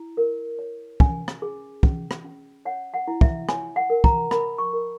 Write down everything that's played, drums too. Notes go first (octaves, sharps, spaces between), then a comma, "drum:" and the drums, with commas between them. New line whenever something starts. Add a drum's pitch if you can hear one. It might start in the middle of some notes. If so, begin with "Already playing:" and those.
Already playing: E4
A#4
C#5
C#4 G#5, drum: kick
drum: rim click
G#4
C#4, drum: kick
drum: rim click
C#4
C#5 F#5
F#5
E4
E5, drum: kick
C#5 G#5, drum: rim click
F#5
A#4
A#5, drum: kick
A#4 B5, drum: rim click
C#6
A#4